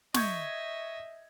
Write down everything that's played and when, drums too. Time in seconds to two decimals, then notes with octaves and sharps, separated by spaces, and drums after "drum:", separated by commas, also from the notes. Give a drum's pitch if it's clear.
0.14 D#5 E5 C#6 G6 G#6, drum: snare